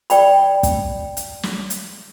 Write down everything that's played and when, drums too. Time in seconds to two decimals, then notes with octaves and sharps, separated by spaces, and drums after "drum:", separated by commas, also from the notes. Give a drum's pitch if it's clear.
0.10 D5 G5 B5, drum: hi-hat
0.63 drum: kick, hi-hat
1.17 drum: hi-hat
1.43 drum: snare
1.70 drum: hi-hat